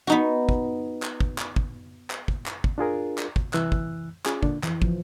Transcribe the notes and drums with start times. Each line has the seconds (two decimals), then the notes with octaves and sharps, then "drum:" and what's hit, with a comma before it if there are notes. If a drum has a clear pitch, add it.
0.07 B3 D#4 F#4
0.49 drum: kick
1.03 drum: clap
1.20 drum: kick
1.38 drum: clap
1.56 drum: kick
2.10 drum: clap
2.28 drum: kick
2.46 drum: clap
2.64 drum: kick
2.78 D4 F4 G#4 A#4
3.18 drum: clap
3.36 drum: kick
3.53 C2 E3 E6 F#6, drum: clap
3.72 drum: kick
4.26 C#4 F4 G#4, drum: clap
4.43 A#2 D3 D4, drum: kick
4.64 F2 E3, drum: clap
4.82 F3, drum: kick